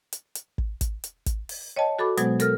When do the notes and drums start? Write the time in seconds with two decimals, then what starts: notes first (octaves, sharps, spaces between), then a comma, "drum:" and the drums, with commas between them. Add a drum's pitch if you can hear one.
0.13 drum: hi-hat
0.35 drum: hi-hat
0.58 drum: kick
0.81 drum: kick, hi-hat
1.04 drum: hi-hat
1.26 drum: kick, hi-hat
1.49 drum: open hi-hat
1.76 C#5 D#5 G5 A5
1.99 F#4 A4 B5 D6
2.17 B2 F#3 G#3 B3 C5 G#6, drum: hi-hat
2.40 A4 A#4 F6, drum: hi-hat